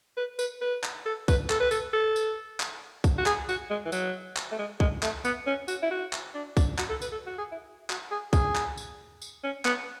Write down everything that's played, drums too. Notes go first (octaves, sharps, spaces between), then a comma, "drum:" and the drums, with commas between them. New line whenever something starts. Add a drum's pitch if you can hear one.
B4
B4, drum: tambourine
B4
drum: clap
A4
B4, drum: kick, tambourine
A4, drum: clap
B4
A4, drum: tambourine
A4
drum: tambourine
drum: clap
drum: kick, tambourine
F#4
G#4, drum: clap
F#4, drum: tambourine
G#3
E3
F#3, drum: tambourine
drum: clap
A3
G#3
G#3, drum: kick
A3, drum: clap
B3, drum: tambourine
C#4
F#4, drum: tambourine
E4
F#4
drum: clap
D4
D4, drum: kick, tambourine
F#4, drum: clap
A4
B4, drum: tambourine
A4
F#4
G#4
E4
F#4, drum: clap
G#4
G#4, drum: kick, tambourine
drum: clap
drum: tambourine
drum: tambourine
C#4
B3, drum: clap